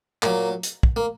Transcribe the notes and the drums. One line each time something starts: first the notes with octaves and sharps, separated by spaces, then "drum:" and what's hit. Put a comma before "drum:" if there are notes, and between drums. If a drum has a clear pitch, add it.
A#2 F#3 A#3, drum: clap
drum: hi-hat
drum: kick
A#3